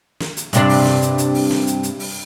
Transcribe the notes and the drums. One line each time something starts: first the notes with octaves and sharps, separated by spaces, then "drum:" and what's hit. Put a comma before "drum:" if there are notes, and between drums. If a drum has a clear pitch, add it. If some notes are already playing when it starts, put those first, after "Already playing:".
drum: snare
drum: hi-hat
G2 C3 D4, drum: hi-hat
drum: open hi-hat
drum: snare
drum: hi-hat
drum: hi-hat
drum: open hi-hat
drum: snare
drum: hi-hat
drum: hi-hat
drum: open hi-hat